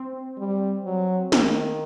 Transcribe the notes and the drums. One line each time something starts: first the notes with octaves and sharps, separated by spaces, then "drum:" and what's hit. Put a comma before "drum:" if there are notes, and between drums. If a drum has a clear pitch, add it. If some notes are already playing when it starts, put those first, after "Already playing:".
Already playing: C4
G3
F#3
D#3, drum: snare